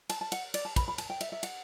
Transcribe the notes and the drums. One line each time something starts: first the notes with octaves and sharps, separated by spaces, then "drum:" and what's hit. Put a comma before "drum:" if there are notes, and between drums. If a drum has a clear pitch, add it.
A5, drum: cymbal
A5
F#5, drum: cymbal
D5, drum: cymbal
A5
B5, drum: kick, cymbal
B5
A5, drum: cymbal
G5
E5, drum: cymbal
E5
F#5, drum: cymbal